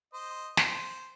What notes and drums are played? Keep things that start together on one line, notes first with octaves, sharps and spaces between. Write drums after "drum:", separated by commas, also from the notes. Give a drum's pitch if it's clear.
C5 D#5
C5, drum: snare